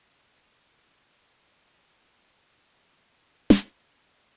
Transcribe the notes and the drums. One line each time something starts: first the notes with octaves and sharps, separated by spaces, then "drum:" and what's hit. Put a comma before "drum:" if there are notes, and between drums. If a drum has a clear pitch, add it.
E4 C#5
D#5 G#5 C#6
A5
G5 B5
C6
F#5
A#3 D#4 E4 G4 G#4 A#4
drum: snare